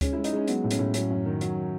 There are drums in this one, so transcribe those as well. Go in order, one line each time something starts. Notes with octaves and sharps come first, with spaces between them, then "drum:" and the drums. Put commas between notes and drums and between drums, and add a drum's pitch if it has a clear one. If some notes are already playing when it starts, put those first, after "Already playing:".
G#3 C#4, drum: kick D2, hi-hat
G#3 E4
D#4, drum: hi-hat
G#3 C#4
F#3 B3, drum: hi-hat
A2
C#4, drum: hi-hat
A2
F#3 C#4, drum: hi-hat
F#2
D#3
F#3, drum: hi-hat